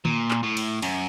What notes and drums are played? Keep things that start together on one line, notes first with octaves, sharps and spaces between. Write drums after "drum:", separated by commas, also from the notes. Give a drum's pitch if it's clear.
A#2, drum: tom D3
drum: clap
A2
drum: cymbal
F#2, drum: cymbal